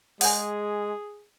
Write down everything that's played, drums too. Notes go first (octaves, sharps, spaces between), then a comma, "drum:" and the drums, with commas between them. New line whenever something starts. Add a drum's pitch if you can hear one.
G#3 G#4 F#5 G#5, drum: open hi-hat